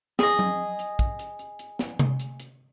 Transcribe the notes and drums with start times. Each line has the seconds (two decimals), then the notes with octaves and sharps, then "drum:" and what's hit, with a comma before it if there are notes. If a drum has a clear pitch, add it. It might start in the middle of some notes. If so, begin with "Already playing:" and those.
0.19 G#4 D#5, drum: snare
0.39 drum: tom F#3
0.79 drum: hi-hat
0.99 drum: kick, hi-hat
1.19 drum: hi-hat
1.39 drum: hi-hat
1.59 drum: hi-hat
1.79 drum: snare
1.99 drum: tom C3
2.20 drum: hi-hat
2.40 drum: hi-hat